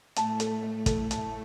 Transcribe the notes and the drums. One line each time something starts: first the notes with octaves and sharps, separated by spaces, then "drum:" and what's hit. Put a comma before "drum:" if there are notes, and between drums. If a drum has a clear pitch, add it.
A2 A3 A5, drum: hi-hat
A4, drum: hi-hat
E5
A4, drum: kick, hi-hat
A5, drum: hi-hat